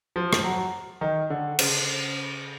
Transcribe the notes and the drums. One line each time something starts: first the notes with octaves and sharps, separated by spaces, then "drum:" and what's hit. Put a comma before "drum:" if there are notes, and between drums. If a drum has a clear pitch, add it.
F3
drum: rim click
F#3
D#3
D3
C#3, drum: cymbal